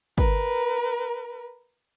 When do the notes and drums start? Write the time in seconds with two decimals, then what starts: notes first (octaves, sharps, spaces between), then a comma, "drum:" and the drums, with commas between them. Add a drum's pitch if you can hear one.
0.18 A#4 B4, drum: kick